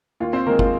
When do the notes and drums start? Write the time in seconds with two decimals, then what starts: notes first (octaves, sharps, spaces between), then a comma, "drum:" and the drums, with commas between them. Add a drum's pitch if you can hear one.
0.20 D#2 F4
0.33 C4 C5
0.46 D#3 G#3 A#3 A#4
0.59 F4, drum: kick